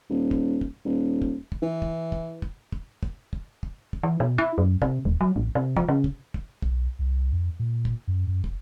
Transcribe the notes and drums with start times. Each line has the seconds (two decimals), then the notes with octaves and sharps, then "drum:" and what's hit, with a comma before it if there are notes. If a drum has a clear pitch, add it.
0.10 D#1
0.31 drum: kick
0.61 drum: kick
0.85 D#1
1.22 drum: kick
1.52 drum: kick
1.62 E3
1.82 drum: kick
2.12 drum: kick
2.42 drum: kick
2.72 drum: kick
3.03 drum: kick
3.33 drum: kick
3.63 drum: kick
3.93 drum: kick
4.03 E3
4.20 B2
4.38 E4
4.58 F#2
4.82 C3, drum: kick
5.05 D#1
5.21 F#3
5.36 A1
5.55 C3
5.77 F3, drum: kick
5.88 C#3
6.04 drum: kick
6.34 drum: kick
6.62 B1, drum: kick
6.99 C2
7.32 F2
7.60 A#2
7.85 drum: kick
8.08 F#2
8.27 F#2
8.44 F#1, drum: kick